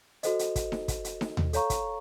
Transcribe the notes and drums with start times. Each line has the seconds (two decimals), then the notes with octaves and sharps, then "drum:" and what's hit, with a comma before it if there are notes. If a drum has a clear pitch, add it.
0.23 F#4 A4 C5 D#5, drum: hi-hat
0.39 drum: hi-hat
0.56 drum: kick, hi-hat
0.72 drum: snare D#4
0.88 drum: kick, hi-hat
1.05 drum: hi-hat
1.21 drum: snare D#4
1.37 drum: tom D#2
1.53 A4 C#5 F5 A#5 C#6, drum: hi-hat
1.70 drum: kick, hi-hat